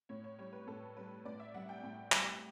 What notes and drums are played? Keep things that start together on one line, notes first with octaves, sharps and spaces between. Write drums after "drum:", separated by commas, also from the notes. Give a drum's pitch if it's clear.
A2 C#5
C#5
G3 C#5
B4
A2 A4
G3 B4
A2 D5
E5
G3 F#5
G5
A2 G5
G3, drum: clap